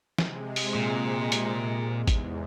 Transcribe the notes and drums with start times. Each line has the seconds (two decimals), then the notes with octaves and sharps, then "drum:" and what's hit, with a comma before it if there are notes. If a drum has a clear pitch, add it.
0.18 C3 G#3, drum: snare
0.56 drum: open hi-hat
0.75 A#2
1.32 drum: hi-hat
1.95 E2 G#2
2.07 drum: kick G#1, hi-hat